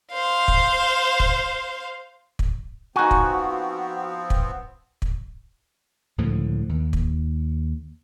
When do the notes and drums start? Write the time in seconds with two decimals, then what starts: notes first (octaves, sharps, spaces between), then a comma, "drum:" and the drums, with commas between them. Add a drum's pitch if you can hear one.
0.12 C5 F5
0.48 drum: kick
1.20 drum: kick
2.39 drum: kick
2.96 F3 B3 C4 D#4 F#4 G#5
3.11 drum: kick
4.30 drum: kick
5.02 drum: kick
6.18 C#2 A2 D3 F3
6.69 D#2
6.93 drum: kick